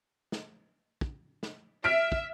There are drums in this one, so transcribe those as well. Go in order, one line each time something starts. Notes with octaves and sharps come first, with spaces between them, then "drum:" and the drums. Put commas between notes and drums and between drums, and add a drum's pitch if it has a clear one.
drum: snare
drum: kick
drum: snare
E5 F6 B6 D7
drum: kick